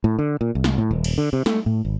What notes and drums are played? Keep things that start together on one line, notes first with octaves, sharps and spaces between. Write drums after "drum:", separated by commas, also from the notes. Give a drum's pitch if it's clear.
A2
D3
A#2
C2
drum: snare
A2
D#1
drum: cymbal
D3
C3
A3, drum: snare
A2
G#1